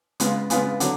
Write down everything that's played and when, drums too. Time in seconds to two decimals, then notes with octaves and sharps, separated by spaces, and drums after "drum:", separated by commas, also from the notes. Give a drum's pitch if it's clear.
0.20 C#3 G#3 B3 F4, drum: hi-hat
0.50 C#3 G#3 B3 F4, drum: hi-hat
0.80 D3 F#3, drum: hi-hat